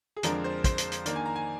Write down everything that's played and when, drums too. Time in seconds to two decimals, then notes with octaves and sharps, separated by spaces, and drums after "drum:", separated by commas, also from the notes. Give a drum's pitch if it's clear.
0.17 G#4
0.23 F2 D3 F3 G#3 D4 A#4, drum: hi-hat
0.44 C5
0.64 C5, drum: kick, hi-hat
0.78 drum: hi-hat
0.92 drum: hi-hat
1.06 D#3 A#3 D4 D5, drum: hi-hat
1.16 G#5
1.26 A#5
1.36 G#5